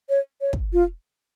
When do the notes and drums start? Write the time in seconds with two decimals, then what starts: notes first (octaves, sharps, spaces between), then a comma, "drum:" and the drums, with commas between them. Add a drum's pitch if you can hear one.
0.09 C#5
0.41 C#5
0.53 drum: kick
0.73 F4